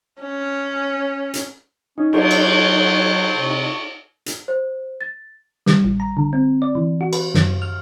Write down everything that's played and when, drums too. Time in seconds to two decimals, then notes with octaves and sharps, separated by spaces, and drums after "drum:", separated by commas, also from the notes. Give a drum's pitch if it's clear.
0.21 C#4
1.34 drum: hi-hat
1.98 C#4 D#4
2.13 F#3 C5 C#5, drum: cymbal
2.31 drum: cymbal
3.34 C3 C#6
4.26 drum: hi-hat
4.48 C5
5.01 A6
5.66 G3, drum: snare
5.85 A1
6.00 A#5
6.17 D3
6.33 C4
6.62 D5
6.75 E3
7.01 F#4
7.13 B4, drum: cymbal
7.34 F#2, drum: snare
7.62 F6